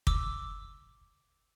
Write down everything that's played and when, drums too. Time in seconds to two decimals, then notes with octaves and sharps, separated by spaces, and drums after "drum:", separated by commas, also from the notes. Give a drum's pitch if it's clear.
0.07 D6 E6, drum: kick